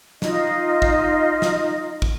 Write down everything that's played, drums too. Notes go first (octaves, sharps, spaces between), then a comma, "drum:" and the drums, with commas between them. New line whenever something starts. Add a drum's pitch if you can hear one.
D#4 F4 D#5, drum: snare
drum: kick
drum: snare
drum: kick